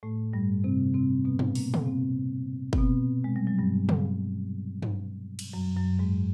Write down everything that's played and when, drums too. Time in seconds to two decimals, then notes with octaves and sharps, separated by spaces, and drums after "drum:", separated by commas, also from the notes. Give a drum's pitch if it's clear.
0.03 A2 A3
0.33 G2 G3
0.64 C3 C4
0.94 C3 C4
1.25 B2 B3
1.39 drum: tom G2
1.55 A#2 A#3, drum: open hi-hat
1.74 drum: tom C#3
1.86 C3 C4
2.73 C4, drum: kick
2.78 B2 B3
3.24 G#3
3.36 G3
3.47 F#3
3.58 G2 G3
3.89 drum: tom C#3
4.82 drum: tom G2
5.39 drum: cymbal
5.53 F#2 F#3
5.77 F#2 F#3
5.99 G#2 G#3